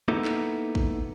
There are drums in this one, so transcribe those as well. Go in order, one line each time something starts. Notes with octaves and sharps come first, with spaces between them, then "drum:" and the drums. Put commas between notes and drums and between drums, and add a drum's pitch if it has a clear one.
A#3 B3 D#4 E4 A4
drum: clap
drum: kick